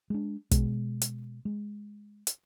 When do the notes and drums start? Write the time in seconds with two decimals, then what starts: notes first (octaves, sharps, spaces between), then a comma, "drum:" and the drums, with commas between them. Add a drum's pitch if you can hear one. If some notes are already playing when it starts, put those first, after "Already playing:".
0.10 G#3 D4
0.51 B2 G#3, drum: kick, hi-hat
1.02 drum: hi-hat
1.45 G#3
2.27 drum: hi-hat